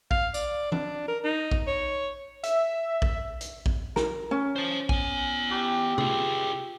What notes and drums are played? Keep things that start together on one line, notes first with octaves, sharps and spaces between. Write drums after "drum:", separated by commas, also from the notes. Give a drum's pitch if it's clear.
F5, drum: kick A#1
D5, drum: tambourine
D4, drum: tom E3
A#4
D#4
drum: kick A#1
C#5
E5, drum: hi-hat
drum: kick A#1
drum: hi-hat
drum: kick A#1
A#4, drum: snare
C#4
C5 A5
B3 G#5, drum: kick A#1
G4
F4 G#4, drum: tom